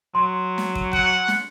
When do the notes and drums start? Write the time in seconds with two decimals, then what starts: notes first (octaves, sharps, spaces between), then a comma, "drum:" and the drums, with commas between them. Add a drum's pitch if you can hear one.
0.15 F#3 C6
0.58 drum: snare
0.75 drum: kick
0.93 F#5, drum: kick
1.28 drum: snare